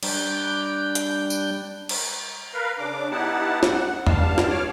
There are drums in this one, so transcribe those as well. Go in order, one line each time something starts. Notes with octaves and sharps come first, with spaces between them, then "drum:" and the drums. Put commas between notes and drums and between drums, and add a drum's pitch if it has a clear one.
G3 D4 G6, drum: cymbal
drum: hi-hat
drum: tambourine
drum: cymbal
A#4 B4 F5
C#3 D4 D6
B3 D#4 E4 G4 F#5 A5
F#5, drum: snare
E2 G2 G3 F5 A5, drum: tom E2
drum: snare
B2 C#5 D6 F6